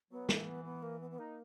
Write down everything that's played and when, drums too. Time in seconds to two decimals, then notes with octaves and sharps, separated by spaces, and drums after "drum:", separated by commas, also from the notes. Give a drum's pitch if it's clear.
0.11 F#3 B3
0.29 E3 A#3, drum: snare
0.47 B3
0.65 B3
0.83 A#3
1.00 B3
1.11 B3
1.18 A#3 D#4